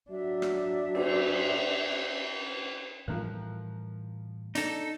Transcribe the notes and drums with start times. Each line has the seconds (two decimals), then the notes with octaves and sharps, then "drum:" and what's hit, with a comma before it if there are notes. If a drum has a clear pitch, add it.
0.10 F#3 D4 E5
0.42 drum: rim click
0.95 drum: cymbal
3.08 A2 E3 F3 G3 A#4 F#6
4.55 D4 D#4 A4, drum: hi-hat